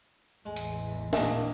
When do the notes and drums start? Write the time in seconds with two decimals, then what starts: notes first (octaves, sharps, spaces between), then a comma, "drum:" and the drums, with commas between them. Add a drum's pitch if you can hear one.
0.46 A1 E2 G#3
0.56 drum: hi-hat
1.13 A#1 A#3 D4 D#5 E5 G#5, drum: snare